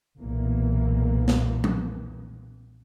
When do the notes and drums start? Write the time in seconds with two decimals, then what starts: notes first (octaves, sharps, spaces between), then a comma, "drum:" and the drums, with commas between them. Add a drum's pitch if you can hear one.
0.19 B1 E2 A#2 E3 A#3
1.28 drum: snare
1.64 drum: tom F3